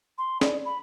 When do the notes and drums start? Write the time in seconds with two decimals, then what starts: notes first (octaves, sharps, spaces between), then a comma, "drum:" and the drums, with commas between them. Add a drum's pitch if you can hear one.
0.18 C6
0.41 D5, drum: snare
0.65 B5